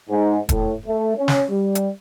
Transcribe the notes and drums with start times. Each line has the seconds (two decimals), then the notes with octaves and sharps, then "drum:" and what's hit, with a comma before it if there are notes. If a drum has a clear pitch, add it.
0.10 G#2
0.49 A2, drum: kick E1, hi-hat
0.87 A3
1.18 C#4
1.28 drum: snare
1.51 G3
1.75 drum: hi-hat